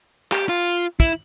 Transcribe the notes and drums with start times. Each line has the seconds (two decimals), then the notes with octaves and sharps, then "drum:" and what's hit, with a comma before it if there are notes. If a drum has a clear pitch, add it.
0.32 G4, drum: clap
0.49 F4
1.00 E4, drum: kick